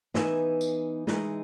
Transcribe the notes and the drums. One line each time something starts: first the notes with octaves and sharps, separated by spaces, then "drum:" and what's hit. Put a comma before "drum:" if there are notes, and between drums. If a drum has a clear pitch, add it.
E3 B3 D#4 E5 G#5, drum: snare
drum: tambourine
E3 G#3 D#4, drum: snare